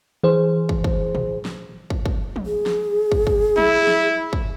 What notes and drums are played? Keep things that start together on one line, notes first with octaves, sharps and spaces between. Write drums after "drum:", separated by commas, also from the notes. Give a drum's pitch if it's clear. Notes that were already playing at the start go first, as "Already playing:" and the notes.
E3 G#4 C5
drum: kick
drum: kick
drum: tom
drum: snare
drum: kick
drum: kick
drum: tom
G#4
drum: snare
drum: kick
drum: kick
E4, drum: tom
drum: snare
drum: kick